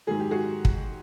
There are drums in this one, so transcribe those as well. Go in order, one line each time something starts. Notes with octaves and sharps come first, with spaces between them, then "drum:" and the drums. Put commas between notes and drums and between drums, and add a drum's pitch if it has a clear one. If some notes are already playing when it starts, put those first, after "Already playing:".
G#2 D#3 F#3 G#4
G4
F#4 G#4
drum: kick